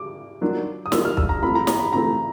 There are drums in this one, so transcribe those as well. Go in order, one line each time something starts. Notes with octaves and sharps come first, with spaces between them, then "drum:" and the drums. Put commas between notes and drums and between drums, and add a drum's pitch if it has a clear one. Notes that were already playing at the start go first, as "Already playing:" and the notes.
Already playing: D6
D#3 F#3 A#3 D4 F4
D#6
D#3 F#3 A#3 D4 F4 E6, drum: snare
F6
E6, drum: kick
A#5
E3 A3 C4 F4 B5
A#5
A#5, drum: snare
B5
E3 A3 C4 F4 A#5